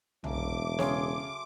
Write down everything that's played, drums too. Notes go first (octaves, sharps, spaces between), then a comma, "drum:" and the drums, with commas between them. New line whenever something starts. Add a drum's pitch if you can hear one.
E1 C#3 F#3 A3 D6, drum: tom
C#3 G#4 C#5 G#5 C6, drum: snare